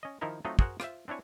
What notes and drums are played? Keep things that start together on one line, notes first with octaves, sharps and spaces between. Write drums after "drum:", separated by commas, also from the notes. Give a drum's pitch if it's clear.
C#4 D#5
D#3 F3 D#4 E4 A#4
F#3 A3 C4 D#4 F4 D#5
F#4 G#4 A#4 C5 F#5, drum: kick
F4 C5 E5, drum: rim click
C4 D4 E4 C#5 G#5